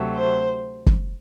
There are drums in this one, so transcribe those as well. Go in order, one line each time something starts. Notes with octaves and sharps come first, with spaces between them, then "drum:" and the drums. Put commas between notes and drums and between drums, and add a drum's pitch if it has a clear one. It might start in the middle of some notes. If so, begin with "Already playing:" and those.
Already playing: D2 C3 F#3 A3
C5
drum: kick